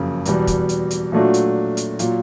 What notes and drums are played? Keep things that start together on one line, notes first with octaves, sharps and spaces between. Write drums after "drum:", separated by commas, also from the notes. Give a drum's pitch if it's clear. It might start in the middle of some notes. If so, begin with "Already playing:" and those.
Already playing: F#1 F2 C#3
E2 B2 G3, drum: hi-hat
drum: kick, hi-hat
drum: hi-hat
drum: hi-hat
A#2 F#3 A3 D4 F#4
drum: hi-hat
drum: hi-hat
A#2 F#3, drum: hi-hat